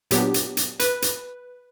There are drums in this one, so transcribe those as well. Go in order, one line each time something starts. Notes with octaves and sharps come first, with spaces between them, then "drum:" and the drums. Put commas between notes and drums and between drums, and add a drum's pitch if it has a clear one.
A#2 F#3 B3 D4 G4, drum: hi-hat
drum: hi-hat
drum: hi-hat
B4, drum: hi-hat
drum: hi-hat